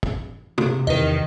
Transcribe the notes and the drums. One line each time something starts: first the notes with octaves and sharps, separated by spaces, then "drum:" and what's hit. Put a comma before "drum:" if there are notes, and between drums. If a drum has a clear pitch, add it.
drum: kick
C3, drum: tom
E2 D#3 B4 D#5